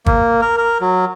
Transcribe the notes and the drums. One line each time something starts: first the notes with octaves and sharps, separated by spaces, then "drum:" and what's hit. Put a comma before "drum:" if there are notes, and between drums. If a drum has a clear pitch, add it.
A#3, drum: kick
A#4
A#4
F#3